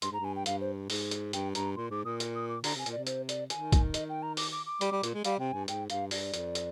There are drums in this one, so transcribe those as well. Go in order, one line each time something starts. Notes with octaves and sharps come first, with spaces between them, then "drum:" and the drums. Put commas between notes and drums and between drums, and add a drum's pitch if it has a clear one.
G2 C6, drum: hi-hat
G#2 A#5
G2 G#5
G5
G2 F5, drum: hi-hat
C5
G#2, drum: open hi-hat
drum: hi-hat
G2 G5, drum: hi-hat
G2 A#5, drum: hi-hat
A#2 C6
G#2 D6
A#2 D#6
drum: hi-hat
D#6
D6
D3 A#5, drum: open hi-hat
C3 G#5
A#2, drum: hi-hat
D5
C3
C5, drum: hi-hat
D5, drum: hi-hat
D#3 G#5, drum: hi-hat
drum: kick, hi-hat
D#5, drum: hi-hat
G5
A#5
D6, drum: open hi-hat
D6
D6
G3, drum: hi-hat
G3
A#2, drum: hi-hat
G#3
G3 F5, drum: hi-hat
C3 G5
G2 G#5
G#2 G5, drum: hi-hat
G2 F5, drum: hi-hat
G2 D5, drum: open hi-hat
F2, drum: hi-hat
drum: hi-hat